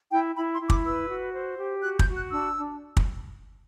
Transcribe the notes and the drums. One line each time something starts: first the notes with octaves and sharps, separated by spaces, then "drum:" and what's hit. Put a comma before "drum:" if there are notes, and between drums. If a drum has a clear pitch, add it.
E4 G5
E4 B5
C6
E4
D6, drum: kick
B4 E6
F#4
C5
G4
F#4 F#6
G6, drum: kick
F#4
F#6
D4 E6
D4
drum: kick